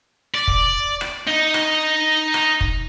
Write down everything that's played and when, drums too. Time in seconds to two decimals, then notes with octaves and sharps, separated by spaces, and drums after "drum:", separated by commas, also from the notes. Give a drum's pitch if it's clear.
0.34 D5
0.48 drum: kick
1.01 drum: rim click
1.27 D#4
1.54 drum: rim click
2.34 drum: rim click
2.61 drum: kick